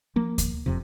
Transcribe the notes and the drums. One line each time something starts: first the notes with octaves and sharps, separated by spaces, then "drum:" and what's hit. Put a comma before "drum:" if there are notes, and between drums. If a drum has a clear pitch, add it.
F3 A#3
drum: kick D2, hi-hat
F1 F2 C3